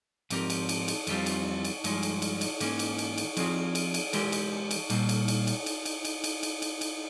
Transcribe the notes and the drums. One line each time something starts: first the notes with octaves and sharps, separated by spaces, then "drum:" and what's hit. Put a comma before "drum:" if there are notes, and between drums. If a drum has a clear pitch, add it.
G#2 F3 C4 G4 A#4, drum: cymbal
drum: cymbal
drum: cymbal
drum: cymbal
F2 E3 G3 C4 F4, drum: cymbal
drum: cymbal
drum: cymbal
G2 F3 G#3, drum: cymbal
drum: cymbal
drum: cymbal
drum: cymbal
G#2 E3 A#3 C#4, drum: cymbal
drum: cymbal
drum: cymbal
drum: cymbal
F3 C4 F4 G#4, drum: cymbal
drum: cymbal
drum: cymbal
E3 G#3 E4 G4 A#4, drum: cymbal
drum: cymbal
drum: cymbal
A#2 G3 A#3, drum: cymbal
drum: cymbal
drum: cymbal
drum: cymbal
drum: cymbal
drum: cymbal
drum: cymbal
drum: cymbal
drum: cymbal
drum: cymbal
drum: cymbal